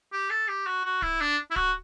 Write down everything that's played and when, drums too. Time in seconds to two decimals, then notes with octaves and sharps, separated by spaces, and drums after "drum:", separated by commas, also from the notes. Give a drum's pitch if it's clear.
0.13 G4
0.30 A4
0.48 G4
0.67 F#4
0.84 F#4
1.02 E4, drum: kick D1
1.21 D4
1.51 E4
1.56 F#4, drum: kick D1